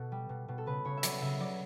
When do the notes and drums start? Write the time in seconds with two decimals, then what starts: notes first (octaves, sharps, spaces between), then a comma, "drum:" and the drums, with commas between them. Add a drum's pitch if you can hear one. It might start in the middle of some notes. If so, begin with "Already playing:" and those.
Already playing: B2 A4
0.12 G3
0.29 B2
0.48 B2
0.58 A4
0.66 C#3 B4
0.85 C#3 C#5
0.97 E5
1.03 F#3 D5, drum: hi-hat
1.21 C#3 E5
1.40 F#3 D5